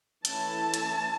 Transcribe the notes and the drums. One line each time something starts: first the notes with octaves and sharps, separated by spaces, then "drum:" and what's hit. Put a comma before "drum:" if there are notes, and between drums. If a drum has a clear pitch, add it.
E3 A3 C#4 E4 A5, drum: hi-hat
drum: hi-hat